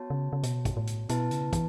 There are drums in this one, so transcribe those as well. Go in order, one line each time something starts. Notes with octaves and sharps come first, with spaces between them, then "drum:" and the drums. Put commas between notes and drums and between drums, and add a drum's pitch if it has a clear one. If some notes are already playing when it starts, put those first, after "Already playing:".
Already playing: B3 F#4 C#5 A5
C#3
C#3
B2, drum: hi-hat
drum: kick, hi-hat
A2
drum: hi-hat
B2 B3 E4 B4 A5, drum: hi-hat
C#3, drum: hi-hat
E3, drum: kick, hi-hat